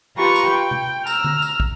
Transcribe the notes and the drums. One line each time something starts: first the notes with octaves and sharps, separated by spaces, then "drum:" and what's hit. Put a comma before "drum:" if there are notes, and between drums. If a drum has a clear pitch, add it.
F4 G4 B4 A#5 C#6
drum: tambourine
G5
drum: tom C3
A#5 E6 F6, drum: tambourine
drum: tom D3
drum: tambourine
drum: kick